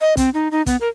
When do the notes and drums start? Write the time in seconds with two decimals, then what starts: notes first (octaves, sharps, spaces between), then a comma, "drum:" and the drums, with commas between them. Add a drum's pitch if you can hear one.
0.01 D#5
0.17 C4, drum: kick, hi-hat
0.34 D#4
0.52 D#4
0.66 B3, drum: kick, hi-hat
0.81 A#4